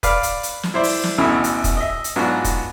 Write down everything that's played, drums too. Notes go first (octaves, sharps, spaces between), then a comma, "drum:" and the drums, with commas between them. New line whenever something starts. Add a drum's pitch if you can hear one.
B4 D5 F5, drum: kick, hi-hat
drum: hi-hat
drum: hi-hat
drum: snare
E4 C5 D5
drum: open hi-hat
drum: snare
A1 D2 B2 E3 F#4 B5
drum: hi-hat
drum: kick, hi-hat
D#5 E5
drum: hi-hat
G#2 F#3 B3 D4 F4 F#4
drum: kick, hi-hat